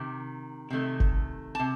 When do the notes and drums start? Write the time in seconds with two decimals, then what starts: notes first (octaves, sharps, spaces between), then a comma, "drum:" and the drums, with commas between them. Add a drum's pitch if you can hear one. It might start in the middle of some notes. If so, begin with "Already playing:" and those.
Already playing: C3 D#3
0.70 C3 D#3 A3
1.00 drum: kick F#1
1.55 A5
1.59 C3